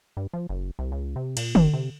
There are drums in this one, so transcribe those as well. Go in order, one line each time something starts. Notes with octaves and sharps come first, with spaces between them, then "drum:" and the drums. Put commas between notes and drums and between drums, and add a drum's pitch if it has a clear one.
G2
F3
F#1
C2
C#2
C3
A#2, drum: cymbal
F#1, drum: tom D3
C3